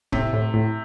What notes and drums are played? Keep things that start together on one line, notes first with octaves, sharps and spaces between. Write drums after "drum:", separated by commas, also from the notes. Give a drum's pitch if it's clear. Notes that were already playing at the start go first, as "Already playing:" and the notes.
A2 C3, drum: kick
A2
A2